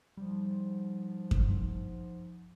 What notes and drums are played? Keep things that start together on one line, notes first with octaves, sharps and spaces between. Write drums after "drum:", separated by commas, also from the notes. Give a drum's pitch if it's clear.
G#2 F3 G3
drum: kick F#2